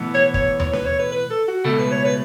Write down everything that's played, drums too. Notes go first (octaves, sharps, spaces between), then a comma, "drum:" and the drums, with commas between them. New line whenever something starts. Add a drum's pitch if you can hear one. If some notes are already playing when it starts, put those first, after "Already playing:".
Already playing: B1 A2 E3 B3
C#5
C#5, drum: kick
C#5, drum: tom D#2
B4, drum: snare
C#5
B4
B4
A4
F#4
C#2 B2 A3 A4
B4
C#5
B4